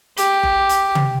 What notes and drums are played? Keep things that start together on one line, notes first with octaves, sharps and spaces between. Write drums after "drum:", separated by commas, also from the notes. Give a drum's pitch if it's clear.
G4, drum: hi-hat
drum: kick F#1
drum: hi-hat
drum: tom